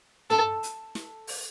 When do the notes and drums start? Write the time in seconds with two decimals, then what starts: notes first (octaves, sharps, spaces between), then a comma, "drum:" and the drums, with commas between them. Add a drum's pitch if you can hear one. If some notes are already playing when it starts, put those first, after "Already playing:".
0.30 A4, drum: tom
0.63 drum: hi-hat
0.95 drum: snare
1.27 drum: open hi-hat